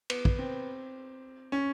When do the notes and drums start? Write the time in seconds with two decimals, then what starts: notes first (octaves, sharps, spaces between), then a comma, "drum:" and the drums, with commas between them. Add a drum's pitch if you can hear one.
0.10 B3, drum: cymbal
0.25 drum: kick
0.39 C4
1.52 C#4